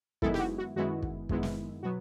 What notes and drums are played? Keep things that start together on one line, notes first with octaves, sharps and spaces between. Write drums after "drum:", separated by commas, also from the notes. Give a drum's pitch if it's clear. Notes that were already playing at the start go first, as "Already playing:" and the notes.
F#2 D#3 G#3 B3 E4 A4, drum: kick
G4, drum: snare
F#4
F#4
F#2 D#3 G#3 B3 E4 F#4
drum: kick
F#2 D#3 G#3 B3 E4, drum: kick
drum: snare
B2 F#3 B3 F#4